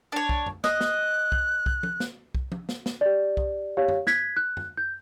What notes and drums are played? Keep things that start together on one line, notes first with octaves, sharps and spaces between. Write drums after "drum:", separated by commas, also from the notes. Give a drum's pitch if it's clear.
D4 C#5
drum: kick B1
drum: tom F#2
D#5 F#6, drum: snare
drum: snare
drum: kick B1
drum: kick B1
drum: tom
drum: snare
drum: kick B1
drum: tom
drum: snare
drum: snare
G4 D5
drum: kick B1
G4 C#5 F5
drum: tom F#2
F#6 G#6 B6, drum: snare
F#6
drum: tom F#2
G6